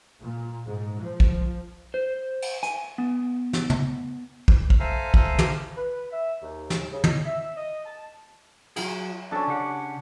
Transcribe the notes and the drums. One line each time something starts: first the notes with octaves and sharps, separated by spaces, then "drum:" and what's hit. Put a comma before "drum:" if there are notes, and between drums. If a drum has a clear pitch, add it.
A#2
G#2
F3
drum: kick
C5
drum: cymbal
G#5, drum: hi-hat
B3
drum: snare
drum: tom
drum: kick
drum: kick
A4 C5 E5 F5 G#5 A#5
drum: kick
drum: tom
B4
E5
D#2
drum: snare
C#3
D#5, drum: tom
E5
D#5
A5
F#3 F4 G#4, drum: cymbal
F#3 C#4 D4 A4
C#3 G4 F#5